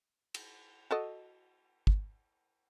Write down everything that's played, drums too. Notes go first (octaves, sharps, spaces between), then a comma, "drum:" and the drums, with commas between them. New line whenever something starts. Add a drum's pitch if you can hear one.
drum: cymbal
F#4 A4 D#5
drum: kick